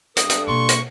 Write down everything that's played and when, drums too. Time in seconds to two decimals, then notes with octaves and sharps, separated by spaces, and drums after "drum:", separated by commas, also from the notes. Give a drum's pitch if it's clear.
0.17 G2 D4 A4 D#6, drum: hi-hat
0.30 drum: hi-hat
0.48 B2 A#3 C6 C#6
0.69 drum: hi-hat